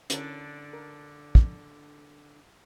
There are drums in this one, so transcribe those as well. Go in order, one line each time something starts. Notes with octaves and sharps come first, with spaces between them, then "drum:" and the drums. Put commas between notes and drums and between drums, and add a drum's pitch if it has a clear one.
D3 C#4 D4 E4 A#4, drum: hi-hat
A#4
drum: kick